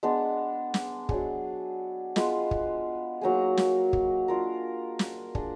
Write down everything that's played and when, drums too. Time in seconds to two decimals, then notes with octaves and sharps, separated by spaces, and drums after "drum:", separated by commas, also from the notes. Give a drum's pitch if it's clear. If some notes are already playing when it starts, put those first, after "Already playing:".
0.03 G#3 B3 D4
0.74 drum: snare
1.09 F#3 D4 G#4, drum: kick
2.16 G#3 B3 F4 B4, drum: snare
2.51 drum: kick
3.21 F#3 A#3 D#4 G#4
3.57 drum: snare
3.93 drum: kick
4.28 D4 F4 A#4
4.99 drum: snare
5.35 D4 G#4 D#5, drum: kick